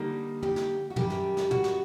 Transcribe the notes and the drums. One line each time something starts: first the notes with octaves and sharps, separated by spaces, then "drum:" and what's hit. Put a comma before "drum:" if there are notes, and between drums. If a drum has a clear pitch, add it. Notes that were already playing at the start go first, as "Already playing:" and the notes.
Already playing: D3 G3 A#3 D#4
G4, drum: tom
drum: snare
F#4
F#2 D#3 G3 G4, drum: tom
drum: snare
drum: snare
F#4, drum: tom
drum: snare